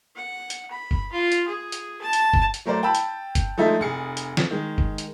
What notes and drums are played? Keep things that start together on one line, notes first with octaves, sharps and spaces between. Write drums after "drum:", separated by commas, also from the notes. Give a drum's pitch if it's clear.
F#5
drum: hi-hat
B5
drum: kick
F4
drum: hi-hat
G#4
drum: hi-hat
A5
drum: hi-hat
drum: kick
drum: hi-hat
F#3 A3 A#4 C5 D5
G5 A5 B5 E6
drum: hi-hat
drum: kick, hi-hat
F3 G#3 A3 D#4 A4 E5
F1 G#4 C#7
drum: hi-hat
drum: snare
D#3 G#3
drum: kick
drum: hi-hat